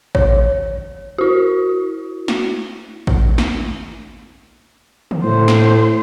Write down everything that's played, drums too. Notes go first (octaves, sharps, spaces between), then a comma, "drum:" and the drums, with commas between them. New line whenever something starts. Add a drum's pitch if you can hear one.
C#5, drum: kick A1
E4 F#4
drum: snare
drum: kick A1
drum: snare
drum: tom
A2 C5
drum: snare